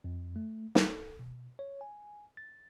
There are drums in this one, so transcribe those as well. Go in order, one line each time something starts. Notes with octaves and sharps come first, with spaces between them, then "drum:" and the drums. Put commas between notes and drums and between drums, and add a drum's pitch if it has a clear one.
F2
A3
A4, drum: snare
B2
C#5
G#5
A6